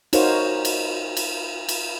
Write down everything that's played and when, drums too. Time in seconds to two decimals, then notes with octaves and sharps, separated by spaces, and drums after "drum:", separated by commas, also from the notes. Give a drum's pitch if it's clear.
0.13 D#4 F#4 A#4 C5 C#5 F5, drum: cymbal
0.65 drum: cymbal
1.17 drum: cymbal
1.69 drum: cymbal